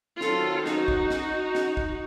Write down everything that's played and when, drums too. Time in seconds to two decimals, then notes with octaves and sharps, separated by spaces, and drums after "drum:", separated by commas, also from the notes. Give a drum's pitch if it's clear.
0.21 D#3 F#3 C4 F4 A4, drum: snare
0.66 D#4 F#4, drum: snare
0.88 drum: kick
1.10 drum: snare
1.55 drum: snare
1.77 drum: kick